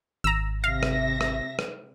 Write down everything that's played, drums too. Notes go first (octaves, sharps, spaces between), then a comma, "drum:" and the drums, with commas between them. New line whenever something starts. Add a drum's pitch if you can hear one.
G#1 A#5 E6
C3 E5 F5 A#6
drum: rim click
drum: rim click
drum: rim click